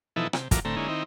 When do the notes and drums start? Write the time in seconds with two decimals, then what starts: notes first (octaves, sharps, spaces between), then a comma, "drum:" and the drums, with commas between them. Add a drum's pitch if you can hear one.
0.16 B2 E3 F3 D#4 E4 A4
0.33 C3, drum: rim click
0.51 A2 E3 F#3 F4 A#4 D6, drum: kick, hi-hat
0.65 A2 D3 A3 C4 A#5
0.76 D3 G#3 A#3 C#4 D#4 E4
0.88 D#3 C4 D#4 E4